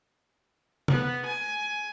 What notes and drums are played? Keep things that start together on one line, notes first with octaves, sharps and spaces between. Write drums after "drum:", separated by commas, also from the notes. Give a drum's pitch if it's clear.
B3, drum: tom
G#5